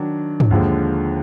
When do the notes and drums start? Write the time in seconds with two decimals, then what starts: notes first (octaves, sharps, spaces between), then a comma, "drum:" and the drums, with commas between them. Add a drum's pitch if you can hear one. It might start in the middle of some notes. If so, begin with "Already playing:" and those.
Already playing: D#3 F#3 D4
0.40 drum: tom
0.51 D#2 D3 F3 G#3